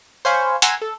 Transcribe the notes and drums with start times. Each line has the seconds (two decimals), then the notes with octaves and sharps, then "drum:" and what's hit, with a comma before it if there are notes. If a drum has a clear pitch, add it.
0.25 C5 C#5 F5 G#5 B5 C#6
0.62 F#5 G#5 A#5 C6 E6 G#6, drum: hi-hat
0.82 A4